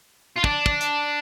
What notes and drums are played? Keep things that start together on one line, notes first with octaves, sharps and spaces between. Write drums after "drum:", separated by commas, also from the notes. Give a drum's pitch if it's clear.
F4
D4, drum: kick
drum: kick
drum: hi-hat